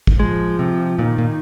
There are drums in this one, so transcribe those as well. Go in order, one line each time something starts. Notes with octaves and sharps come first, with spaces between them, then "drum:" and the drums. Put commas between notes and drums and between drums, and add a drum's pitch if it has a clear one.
drum: kick
F3 G#3
C3
A#2 D#3
A#2